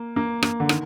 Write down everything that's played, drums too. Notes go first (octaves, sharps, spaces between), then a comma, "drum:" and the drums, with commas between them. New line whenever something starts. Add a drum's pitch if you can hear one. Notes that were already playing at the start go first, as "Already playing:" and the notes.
Already playing: A#3
A#3
A#3, drum: rim click
D3
D#3, drum: rim click